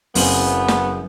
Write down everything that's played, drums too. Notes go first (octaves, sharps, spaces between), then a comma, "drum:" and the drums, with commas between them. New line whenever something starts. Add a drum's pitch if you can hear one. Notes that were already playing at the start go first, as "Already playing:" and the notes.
F#1 F#3 B3 C4 E4 G#4 F#7, drum: open hi-hat
drum: snare